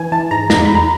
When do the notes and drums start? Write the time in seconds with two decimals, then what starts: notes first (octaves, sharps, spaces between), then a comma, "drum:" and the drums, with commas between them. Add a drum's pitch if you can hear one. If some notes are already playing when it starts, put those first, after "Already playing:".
Already playing: E3 G#5
0.12 E3 A5
0.31 G#2 A#5
0.50 E2 A#5, drum: snare
0.65 E2 B5
0.75 A#5